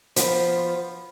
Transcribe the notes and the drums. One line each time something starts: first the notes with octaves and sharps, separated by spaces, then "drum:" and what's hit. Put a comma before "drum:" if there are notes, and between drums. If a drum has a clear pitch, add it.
F3 B3, drum: hi-hat